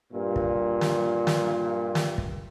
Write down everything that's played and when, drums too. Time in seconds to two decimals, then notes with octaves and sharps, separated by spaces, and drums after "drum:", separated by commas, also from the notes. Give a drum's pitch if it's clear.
0.13 G2 A#2
0.36 drum: kick
0.81 drum: snare
1.27 drum: snare
1.95 drum: snare
2.18 drum: kick